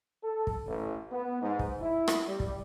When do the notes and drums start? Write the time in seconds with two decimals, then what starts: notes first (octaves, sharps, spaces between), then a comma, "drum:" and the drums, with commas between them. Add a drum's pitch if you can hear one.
0.23 A4
0.47 drum: kick
0.66 A1
1.11 B3
1.42 G#2
1.59 drum: kick
1.81 E4
2.08 drum: rim click
2.27 G3
2.40 drum: kick